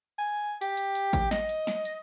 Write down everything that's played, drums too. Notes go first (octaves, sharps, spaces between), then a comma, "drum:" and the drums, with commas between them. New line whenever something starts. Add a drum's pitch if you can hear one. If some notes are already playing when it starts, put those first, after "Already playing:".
G#5
G4, drum: hi-hat
drum: hi-hat
drum: hi-hat
drum: kick A1, hi-hat
D#5, drum: snare
drum: hi-hat
drum: snare
drum: hi-hat